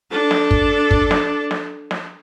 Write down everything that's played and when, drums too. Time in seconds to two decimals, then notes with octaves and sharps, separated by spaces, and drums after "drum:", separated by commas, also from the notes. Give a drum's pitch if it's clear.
0.11 D4 A4
0.31 drum: snare
0.51 drum: kick
0.91 drum: kick
1.11 drum: snare
1.51 drum: snare
1.91 drum: snare